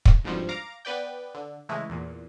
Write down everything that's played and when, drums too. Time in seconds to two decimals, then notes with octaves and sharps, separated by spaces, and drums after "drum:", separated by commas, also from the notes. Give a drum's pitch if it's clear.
0.05 drum: kick
0.24 F2 G#2 B2 D3 F3 G3
0.49 F5 A#5 D6
0.85 B3 B4 D5 G5
1.35 D3
1.69 C#3 E3 G#3 A3 E4
1.90 E2 A#2